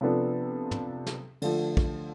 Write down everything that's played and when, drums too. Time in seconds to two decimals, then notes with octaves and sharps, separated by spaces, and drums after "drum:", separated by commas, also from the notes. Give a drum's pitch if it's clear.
0.01 C3 F3 B3 D4 A4
0.71 drum: tom
1.07 drum: snare
1.42 D3 F3 A3, drum: cymbal
1.77 drum: kick